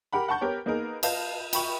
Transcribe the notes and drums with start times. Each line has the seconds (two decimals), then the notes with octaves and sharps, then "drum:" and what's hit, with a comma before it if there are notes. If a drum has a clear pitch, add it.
0.13 G4 A#4 F#5 B5
0.28 F#5 A5 C#6 G6
0.41 B3 G4 A#4 C#5
0.66 A#3 B3 D#4 G#4 A#4
1.03 B4 D#5 F5 A5 G6, drum: cymbal
1.53 G5 B5 C#6 F#7, drum: cymbal